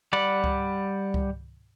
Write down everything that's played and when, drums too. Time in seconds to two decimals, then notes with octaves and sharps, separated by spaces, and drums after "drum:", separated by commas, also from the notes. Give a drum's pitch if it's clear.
0.13 G3 D5 F#5 B5
0.44 drum: kick C#2
1.14 drum: kick C#2